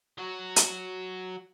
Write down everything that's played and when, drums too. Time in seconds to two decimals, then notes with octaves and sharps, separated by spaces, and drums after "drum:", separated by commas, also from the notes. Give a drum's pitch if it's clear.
0.18 F#3 F#4
0.56 drum: hi-hat